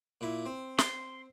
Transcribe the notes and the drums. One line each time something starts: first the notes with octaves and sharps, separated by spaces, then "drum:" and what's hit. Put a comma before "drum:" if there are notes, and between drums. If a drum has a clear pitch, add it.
A#2 E4
C4
C6, drum: snare